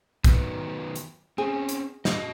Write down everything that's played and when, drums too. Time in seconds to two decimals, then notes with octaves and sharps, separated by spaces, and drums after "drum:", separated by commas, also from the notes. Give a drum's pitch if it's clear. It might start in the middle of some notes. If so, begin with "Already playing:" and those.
0.24 D#3 F#3 B3, drum: kick, hi-hat
0.96 drum: hi-hat
1.38 C4 C#4 G#4
1.69 drum: hi-hat
2.05 F#4 D#5, drum: snare